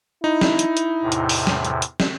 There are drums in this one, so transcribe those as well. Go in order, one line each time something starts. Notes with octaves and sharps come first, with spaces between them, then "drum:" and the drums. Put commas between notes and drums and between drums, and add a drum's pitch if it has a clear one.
D#4 E4
drum: snare
drum: hi-hat
drum: hi-hat
E2 A2 C3
drum: hi-hat
drum: open hi-hat
drum: snare
drum: hi-hat
drum: hi-hat
drum: snare